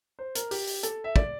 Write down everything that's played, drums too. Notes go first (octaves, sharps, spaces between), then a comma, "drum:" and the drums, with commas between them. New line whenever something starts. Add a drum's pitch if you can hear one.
C5
A#4, drum: hi-hat
G4, drum: open hi-hat
drum: open hi-hat
A4, drum: hi-hat
E5
D5, drum: kick